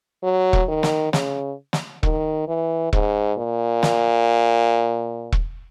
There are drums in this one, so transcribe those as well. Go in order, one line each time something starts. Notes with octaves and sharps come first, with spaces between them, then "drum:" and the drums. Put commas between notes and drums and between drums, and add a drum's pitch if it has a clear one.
F#3
drum: kick E1
D#3
drum: snare
C#3, drum: snare
drum: snare
D#3, drum: kick E1
E3
G#2, drum: kick E1
A#2
drum: snare
drum: kick E1